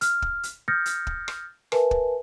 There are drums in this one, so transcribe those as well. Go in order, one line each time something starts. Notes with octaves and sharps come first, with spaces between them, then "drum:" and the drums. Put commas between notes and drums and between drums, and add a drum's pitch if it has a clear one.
F6, drum: hi-hat
drum: kick
drum: hi-hat
D#6 F6 G6 A6 A#6 C#7
drum: hi-hat
drum: kick
drum: rim click
A#4 B4 E5 G#5 A5, drum: rim click
drum: kick